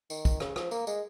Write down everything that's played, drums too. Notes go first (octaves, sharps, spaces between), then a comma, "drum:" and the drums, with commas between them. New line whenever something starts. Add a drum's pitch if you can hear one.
D#3, drum: tambourine
drum: kick, tambourine
C#3, drum: rim click
F3, drum: rim click
A#3, drum: tambourine
G#3, drum: tambourine